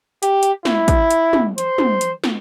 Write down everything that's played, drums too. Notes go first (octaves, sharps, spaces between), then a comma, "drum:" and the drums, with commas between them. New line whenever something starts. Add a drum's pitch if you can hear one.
G4, drum: hi-hat
drum: hi-hat
E4, drum: snare
drum: kick, hi-hat
drum: hi-hat
drum: tom
C5, drum: hi-hat
drum: tom
drum: hi-hat
drum: snare